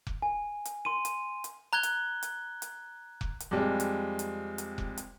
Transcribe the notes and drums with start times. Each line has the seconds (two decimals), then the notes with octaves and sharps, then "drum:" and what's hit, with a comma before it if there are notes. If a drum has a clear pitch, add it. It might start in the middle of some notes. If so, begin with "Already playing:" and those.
0.07 drum: kick F1
0.22 G#5
0.65 drum: hi-hat
0.85 C6 D#7
1.05 drum: hi-hat
1.44 drum: hi-hat
1.73 A#5 F#6 G#6 G7
1.83 drum: hi-hat
2.23 drum: hi-hat
2.62 drum: hi-hat
3.21 drum: kick F1
3.40 drum: hi-hat
3.51 F2 G3 G#3
3.80 drum: hi-hat
4.19 drum: hi-hat
4.58 drum: hi-hat
4.78 drum: kick F1
4.97 drum: hi-hat